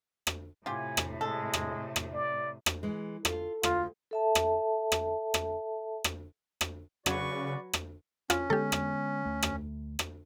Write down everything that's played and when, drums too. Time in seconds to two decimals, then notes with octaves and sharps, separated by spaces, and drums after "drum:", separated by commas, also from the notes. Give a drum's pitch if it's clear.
0.27 drum: rim click
0.66 A2 C3 F4 G4 G#5
0.97 drum: rim click
1.21 G#3 A4
1.54 drum: rim click
1.96 drum: rim click
2.13 D5
2.66 drum: rim click
2.83 E3 G#3
3.25 F4 A4, drum: rim click
3.63 D2 F4, drum: rim click
4.11 A4 E5 A5
4.35 drum: rim click
4.92 drum: rim click
5.34 drum: rim click
6.04 drum: rim click
6.61 drum: rim click
7.06 C#3 F#3 F#4 B4 D5 C#6, drum: rim click
7.73 drum: rim click
8.30 C#4 F4, drum: rim click
8.50 D3 G#3 B3 G4 A4
8.72 drum: rim click
9.25 D2 A3
9.43 drum: rim click
9.99 drum: rim click